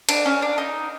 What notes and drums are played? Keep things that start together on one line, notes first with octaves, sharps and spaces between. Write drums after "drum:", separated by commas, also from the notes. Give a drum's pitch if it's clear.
D4, drum: cymbal
C#4
D4
D#4